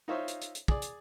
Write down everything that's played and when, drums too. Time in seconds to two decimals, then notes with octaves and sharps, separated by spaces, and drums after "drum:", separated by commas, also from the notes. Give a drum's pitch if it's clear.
0.08 D#4 F4 C5 C#5 E5
0.28 drum: hi-hat
0.41 drum: hi-hat
0.55 drum: hi-hat
0.68 G#4 D5, drum: kick
0.82 drum: hi-hat